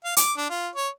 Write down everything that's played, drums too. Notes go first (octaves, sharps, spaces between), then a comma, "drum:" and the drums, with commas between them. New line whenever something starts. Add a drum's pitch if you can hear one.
F5
D6, drum: hi-hat
D4
F4
C#5